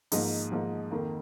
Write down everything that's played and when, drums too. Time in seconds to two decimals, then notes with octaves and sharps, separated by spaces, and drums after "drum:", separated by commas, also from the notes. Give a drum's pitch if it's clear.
0.12 G#2 F3 A#3 D#4, drum: open hi-hat
0.52 G#2 F3 A#3
0.91 F2 D#3 A#3